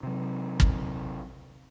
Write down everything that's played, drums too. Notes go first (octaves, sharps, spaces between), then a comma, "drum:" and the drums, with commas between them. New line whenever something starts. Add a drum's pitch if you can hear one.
C3 F#3
drum: kick